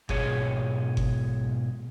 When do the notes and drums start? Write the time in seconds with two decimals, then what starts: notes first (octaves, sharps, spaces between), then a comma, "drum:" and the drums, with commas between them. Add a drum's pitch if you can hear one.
0.09 G#2 B2 G#4 C#5, drum: kick G1
0.97 drum: kick G1